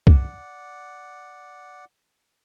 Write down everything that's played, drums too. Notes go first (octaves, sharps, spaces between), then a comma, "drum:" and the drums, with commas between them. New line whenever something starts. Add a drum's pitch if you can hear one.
D5 F#5, drum: kick C2